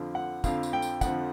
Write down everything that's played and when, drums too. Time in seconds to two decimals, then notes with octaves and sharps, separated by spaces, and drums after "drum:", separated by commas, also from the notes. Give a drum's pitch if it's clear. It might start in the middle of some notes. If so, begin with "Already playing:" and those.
Already playing: F2 D3 F3
0.15 F#5
0.44 F2 D3 F3 F5, drum: kick, tambourine
0.63 drum: tambourine
0.73 G5
0.82 drum: tambourine
1.01 F2 D3 F3 F#5, drum: kick, tambourine